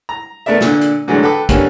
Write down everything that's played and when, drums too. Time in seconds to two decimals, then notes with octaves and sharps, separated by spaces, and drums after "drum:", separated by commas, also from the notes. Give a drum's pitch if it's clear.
0.09 A#5
0.46 A3 B3 A#4 D5 E5
0.61 A#2 D3, drum: snare
0.81 drum: hi-hat
1.08 A2 D3 E3 F#3 G#3
1.23 A4 B4 G5 D6
1.49 D3 G3 A#3 B3 C#4, drum: kick, hi-hat